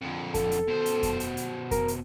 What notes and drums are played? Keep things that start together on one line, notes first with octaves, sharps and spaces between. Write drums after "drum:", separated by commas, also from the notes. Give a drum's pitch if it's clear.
F2 D3
A4, drum: kick F2, hi-hat
drum: hi-hat
B2 C5
drum: hi-hat
drum: kick F2, hi-hat
drum: hi-hat
drum: hi-hat
A#4, drum: kick F2, hi-hat
drum: hi-hat